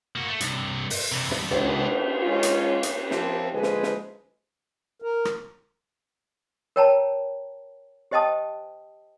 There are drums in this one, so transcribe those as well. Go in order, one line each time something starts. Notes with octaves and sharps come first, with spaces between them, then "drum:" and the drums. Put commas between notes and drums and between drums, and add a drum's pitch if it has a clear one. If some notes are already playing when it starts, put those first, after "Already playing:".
A#3 F#4
A3
G2 C3, drum: hi-hat
drum: open hi-hat
C3 E3
E2 G2, drum: snare
C#2, drum: cymbal
G#3 C#4 F4
drum: hi-hat
drum: hi-hat
F3 C4 E4 F4 G4 A#4, drum: snare
D3 F3 G#3 G#4 B4 C5
drum: snare
drum: snare
A#4
drum: rim click
A#4 C#5 G5 A5 A#5
G4 C5 D#5 G5 A5 D#6